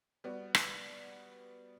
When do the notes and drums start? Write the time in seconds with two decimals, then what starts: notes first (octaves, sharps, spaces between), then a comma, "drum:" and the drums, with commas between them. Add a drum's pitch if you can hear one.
0.24 G3 B3 F#4
0.55 drum: rim click